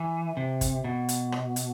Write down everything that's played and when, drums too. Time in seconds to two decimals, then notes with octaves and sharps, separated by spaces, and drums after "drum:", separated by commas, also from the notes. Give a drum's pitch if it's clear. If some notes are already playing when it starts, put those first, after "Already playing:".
Already playing: E3
0.37 C3
0.61 drum: kick, hi-hat
0.84 B2
1.09 drum: hi-hat
1.32 drum: rim click
1.56 drum: hi-hat